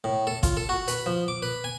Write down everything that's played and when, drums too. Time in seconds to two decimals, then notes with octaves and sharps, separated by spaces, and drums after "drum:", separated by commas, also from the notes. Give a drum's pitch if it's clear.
0.04 A2
0.27 A4
0.43 F4, drum: kick, hi-hat
0.57 A4
0.69 F#4
0.88 B4, drum: hi-hat
1.06 F3
1.28 D6
1.42 B4
1.64 G#5